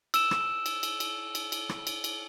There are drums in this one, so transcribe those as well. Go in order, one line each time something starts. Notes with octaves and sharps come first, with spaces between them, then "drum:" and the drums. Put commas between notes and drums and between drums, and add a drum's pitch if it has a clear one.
E6 E7, drum: cymbal
drum: rim click
drum: cymbal
drum: cymbal
drum: cymbal
drum: cymbal
drum: cymbal
drum: rim click
drum: cymbal
drum: cymbal